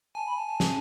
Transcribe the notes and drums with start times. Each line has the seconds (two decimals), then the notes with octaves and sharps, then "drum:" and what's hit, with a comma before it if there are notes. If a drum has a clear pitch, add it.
0.15 G#5 A5
0.27 B5
0.36 A5
0.47 A5
0.60 drum: snare